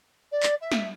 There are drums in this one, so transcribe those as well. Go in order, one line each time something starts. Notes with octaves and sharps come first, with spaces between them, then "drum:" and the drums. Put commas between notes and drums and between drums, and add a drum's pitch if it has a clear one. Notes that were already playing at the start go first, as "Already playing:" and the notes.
D5
drum: clap
E5
drum: snare